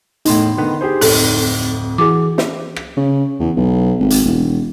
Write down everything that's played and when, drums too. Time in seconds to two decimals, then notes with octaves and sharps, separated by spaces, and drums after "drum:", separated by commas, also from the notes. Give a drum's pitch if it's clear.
0.25 E2 A2 D#4 C6, drum: hi-hat
0.57 D3 D#3 B3
0.81 G4 G#4 C5
1.01 D1 F2 A4, drum: open hi-hat
1.98 E3 F#4 G#4 D6
2.38 drum: snare
2.76 drum: rim click
2.97 C#3
3.40 E2
3.56 B1
4.00 G#1
4.10 drum: hi-hat
4.25 E1